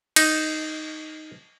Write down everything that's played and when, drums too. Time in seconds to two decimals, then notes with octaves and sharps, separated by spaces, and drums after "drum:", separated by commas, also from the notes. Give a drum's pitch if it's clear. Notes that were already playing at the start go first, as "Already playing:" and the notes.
0.16 D#4, drum: cymbal